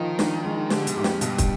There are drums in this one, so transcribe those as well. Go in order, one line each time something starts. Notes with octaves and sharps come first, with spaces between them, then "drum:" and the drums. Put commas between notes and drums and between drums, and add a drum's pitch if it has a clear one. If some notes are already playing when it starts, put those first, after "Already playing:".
Already playing: D#3 F3 D#4
D4, drum: snare
G#3
D3 G4, drum: snare
B2, drum: hi-hat
G4
F2, drum: snare
G2 B2, drum: hi-hat
drum: kick, hi-hat